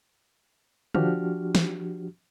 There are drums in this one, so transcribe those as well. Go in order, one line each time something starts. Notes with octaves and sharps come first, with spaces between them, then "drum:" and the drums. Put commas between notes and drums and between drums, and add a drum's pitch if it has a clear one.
F3 D4 F#4 G4 F6, drum: tom D3
drum: snare